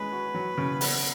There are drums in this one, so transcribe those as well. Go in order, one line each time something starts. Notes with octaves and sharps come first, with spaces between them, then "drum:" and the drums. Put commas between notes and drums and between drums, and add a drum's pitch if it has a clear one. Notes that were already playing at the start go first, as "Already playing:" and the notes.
Already playing: G#3 C#4 B4
F#4
F#3
C#3
B3, drum: open hi-hat